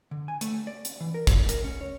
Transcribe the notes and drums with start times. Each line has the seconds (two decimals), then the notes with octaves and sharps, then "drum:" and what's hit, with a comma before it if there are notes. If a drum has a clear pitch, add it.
0.11 D3
0.28 G#5
0.41 A3, drum: hi-hat
0.67 D5
0.85 drum: hi-hat
1.00 E3
1.14 A#4
1.27 C#2, drum: kick, hi-hat
1.49 A#4, drum: hi-hat
1.64 C#4
1.81 C#5